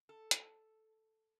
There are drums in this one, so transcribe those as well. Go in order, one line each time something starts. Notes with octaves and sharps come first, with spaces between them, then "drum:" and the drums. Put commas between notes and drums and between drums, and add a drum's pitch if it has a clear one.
A4
drum: hi-hat